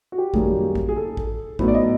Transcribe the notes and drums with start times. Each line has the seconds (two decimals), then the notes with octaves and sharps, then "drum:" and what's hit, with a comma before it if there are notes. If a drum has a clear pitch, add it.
0.12 F#4
0.18 G4
0.34 F#2 D#3 G3 A#3 G#4, drum: kick
0.75 drum: kick
0.89 G#4
0.96 A4
1.17 drum: kick
1.59 A2 F#3 B3 D#4, drum: kick
1.68 D5
1.74 D#5